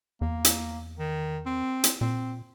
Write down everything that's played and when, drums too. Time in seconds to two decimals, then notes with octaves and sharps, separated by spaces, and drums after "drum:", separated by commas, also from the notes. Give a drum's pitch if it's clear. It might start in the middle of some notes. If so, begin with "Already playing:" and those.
0.21 E2 A#3
0.45 drum: hi-hat
0.99 D#3
1.46 C4
1.84 drum: hi-hat
2.01 A#2 C4